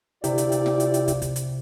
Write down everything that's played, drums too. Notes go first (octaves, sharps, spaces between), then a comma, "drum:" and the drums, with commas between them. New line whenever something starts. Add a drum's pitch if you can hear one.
D2 C3 E4 F4 G4 D5, drum: hi-hat
drum: hi-hat
drum: hi-hat
drum: snare
drum: hi-hat
drum: hi-hat
drum: kick, hi-hat
drum: kick, hi-hat
drum: hi-hat